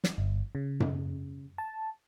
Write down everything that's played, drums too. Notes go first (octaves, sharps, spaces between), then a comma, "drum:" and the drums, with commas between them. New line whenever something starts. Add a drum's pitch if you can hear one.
drum: snare
G1
C#3
drum: tom F#2
A5